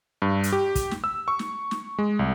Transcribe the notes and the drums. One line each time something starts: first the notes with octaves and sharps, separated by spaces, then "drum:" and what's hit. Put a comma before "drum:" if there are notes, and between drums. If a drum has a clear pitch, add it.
G2
drum: hi-hat
G4
drum: kick, hi-hat
drum: snare
E6
C#6
drum: snare
drum: snare
G#3
C2